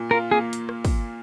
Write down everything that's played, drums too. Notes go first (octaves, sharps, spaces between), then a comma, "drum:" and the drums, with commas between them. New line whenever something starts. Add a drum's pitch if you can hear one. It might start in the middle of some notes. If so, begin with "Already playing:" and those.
Already playing: A#2
F4 A#4
A#3 G#4
drum: hi-hat
drum: rim click
drum: kick, open hi-hat